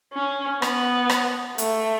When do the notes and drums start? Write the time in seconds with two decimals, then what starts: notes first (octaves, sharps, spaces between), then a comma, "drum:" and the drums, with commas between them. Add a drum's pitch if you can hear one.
0.13 C#4
0.62 B3, drum: rim click
1.10 drum: rim click
1.58 A3, drum: hi-hat